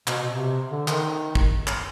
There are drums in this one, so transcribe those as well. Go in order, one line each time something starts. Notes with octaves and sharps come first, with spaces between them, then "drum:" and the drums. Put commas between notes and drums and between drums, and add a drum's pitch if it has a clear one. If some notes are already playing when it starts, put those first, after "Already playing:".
B2, drum: clap
B2
C3
D3
D#3, drum: clap
drum: kick
drum: clap